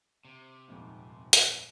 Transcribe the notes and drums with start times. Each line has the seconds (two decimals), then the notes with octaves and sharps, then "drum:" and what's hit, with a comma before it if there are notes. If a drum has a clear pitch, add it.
0.25 C3
0.68 D#1 F2 G#2
1.33 drum: hi-hat